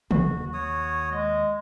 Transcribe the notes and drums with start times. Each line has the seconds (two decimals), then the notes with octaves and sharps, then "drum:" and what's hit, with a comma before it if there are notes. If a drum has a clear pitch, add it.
0.11 D#2 F#4, drum: tom
0.54 F#4 C#5 D#6
1.12 G#3 D#5